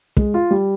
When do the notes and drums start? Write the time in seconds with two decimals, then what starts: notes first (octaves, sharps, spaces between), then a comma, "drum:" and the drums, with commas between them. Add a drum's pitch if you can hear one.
0.17 G#3, drum: kick
0.34 F4
0.51 G3